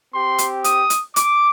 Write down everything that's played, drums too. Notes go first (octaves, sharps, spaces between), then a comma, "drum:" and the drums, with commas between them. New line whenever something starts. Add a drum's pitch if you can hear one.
C4 G4 C6
drum: hi-hat
D#6, drum: hi-hat
drum: hi-hat
D6, drum: hi-hat